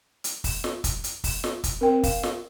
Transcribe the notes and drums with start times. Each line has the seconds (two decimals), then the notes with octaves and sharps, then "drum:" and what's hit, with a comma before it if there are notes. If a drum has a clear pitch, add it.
0.24 drum: hi-hat
0.44 drum: kick, open hi-hat
0.64 drum: snare
0.84 drum: kick, hi-hat
1.04 drum: hi-hat
1.24 drum: kick, open hi-hat
1.44 drum: snare
1.64 drum: kick, hi-hat
1.81 C4 A#4 G5
2.03 F5, drum: kick, open hi-hat
2.23 drum: snare